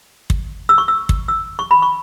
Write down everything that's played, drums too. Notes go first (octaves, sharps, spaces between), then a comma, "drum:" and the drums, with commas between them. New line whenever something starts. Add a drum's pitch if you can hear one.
drum: kick
E6
C#6
E6
drum: kick
E6
C#6
B5
C#6